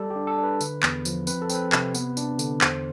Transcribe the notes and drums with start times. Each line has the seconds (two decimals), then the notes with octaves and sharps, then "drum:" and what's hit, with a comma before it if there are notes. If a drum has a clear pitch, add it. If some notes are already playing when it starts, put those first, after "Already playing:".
Already playing: G3 A4
0.10 G4
0.16 D4
0.27 A4
0.38 D4
0.44 B4
0.61 D3, drum: tambourine
0.83 E2, drum: clap
1.05 F3, drum: tambourine
1.27 C4 B4, drum: tambourine
1.42 A4
1.50 C4, drum: tambourine
1.55 B4
1.72 C3, drum: clap
1.95 B3, drum: tambourine
2.17 D4, drum: tambourine
2.39 D3, drum: tambourine
2.61 E2 C5, drum: clap